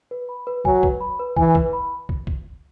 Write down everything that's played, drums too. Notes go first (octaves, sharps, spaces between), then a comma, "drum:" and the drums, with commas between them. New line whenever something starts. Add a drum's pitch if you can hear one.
B4
B5
B4
F#3 G#5, drum: kick
B4, drum: kick
B5
B4
E3 G#5, drum: kick
B4, drum: kick
B5
drum: kick
drum: kick